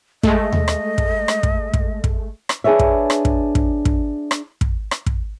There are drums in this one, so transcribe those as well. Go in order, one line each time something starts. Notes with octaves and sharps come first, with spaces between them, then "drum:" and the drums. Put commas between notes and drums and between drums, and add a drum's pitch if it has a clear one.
G#3 A3 D#5, drum: kick
drum: tom D#2
drum: rim click
drum: kick
drum: rim click
drum: kick
drum: kick
drum: kick
drum: rim click
D4 G#4 B4 C#5 E5
drum: kick
drum: rim click
drum: kick
drum: kick
drum: kick
drum: rim click
drum: kick
drum: rim click
drum: kick